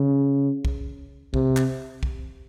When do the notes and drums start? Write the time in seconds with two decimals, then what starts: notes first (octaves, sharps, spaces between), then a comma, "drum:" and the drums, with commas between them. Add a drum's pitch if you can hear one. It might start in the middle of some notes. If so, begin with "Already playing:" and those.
Already playing: C#3
0.65 drum: kick
1.34 C3, drum: kick
1.57 drum: clap
2.03 drum: kick